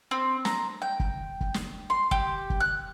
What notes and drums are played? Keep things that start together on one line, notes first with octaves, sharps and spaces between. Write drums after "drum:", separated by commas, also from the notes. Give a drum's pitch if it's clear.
C4
A#5, drum: snare
G5
drum: kick
drum: kick
drum: snare
C6
G4, drum: kick
drum: kick
F#6